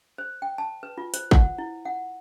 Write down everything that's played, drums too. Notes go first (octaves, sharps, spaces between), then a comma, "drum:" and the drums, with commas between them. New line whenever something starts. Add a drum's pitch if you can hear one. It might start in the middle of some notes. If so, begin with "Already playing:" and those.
C5
G5
A5
B4
F4
C5, drum: hi-hat
F#5, drum: kick
E4
F#5